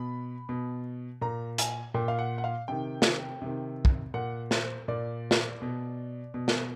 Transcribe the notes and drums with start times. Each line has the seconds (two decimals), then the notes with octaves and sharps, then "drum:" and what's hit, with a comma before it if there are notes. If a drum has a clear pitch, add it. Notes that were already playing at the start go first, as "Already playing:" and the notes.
Already playing: B2 B5
0.49 B2
1.21 A#2 A#5
1.58 G#5, drum: hi-hat
1.94 A#2 G5
2.08 F5
2.19 F#5
2.38 F#5
2.44 F5
2.68 C3 D#3 G5
3.02 drum: snare
3.42 C3 D#3
3.85 drum: kick
4.14 A#2 F#5
4.51 C5, drum: snare
4.88 A#2 D5
5.31 drum: snare
5.62 B2
6.34 B2
6.48 drum: snare